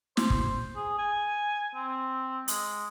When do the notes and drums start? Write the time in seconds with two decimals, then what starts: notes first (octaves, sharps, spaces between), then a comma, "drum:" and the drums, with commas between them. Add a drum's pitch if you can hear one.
0.17 C5, drum: snare
0.30 drum: kick
0.76 G#4
0.98 G#5
1.75 C4
2.48 G#3, drum: hi-hat